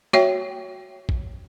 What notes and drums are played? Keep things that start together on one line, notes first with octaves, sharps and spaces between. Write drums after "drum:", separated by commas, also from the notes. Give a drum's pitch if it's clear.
F#4 C#5 E5 G5, drum: snare
drum: kick A#1